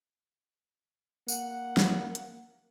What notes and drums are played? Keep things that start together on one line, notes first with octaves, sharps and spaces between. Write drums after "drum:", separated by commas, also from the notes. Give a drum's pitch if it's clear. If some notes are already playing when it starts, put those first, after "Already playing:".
A#3 F#5, drum: tambourine
drum: snare
drum: hi-hat